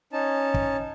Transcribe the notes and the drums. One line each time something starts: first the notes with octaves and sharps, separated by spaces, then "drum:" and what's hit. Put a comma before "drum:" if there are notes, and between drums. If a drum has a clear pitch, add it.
C#4 D#4 A5
drum: kick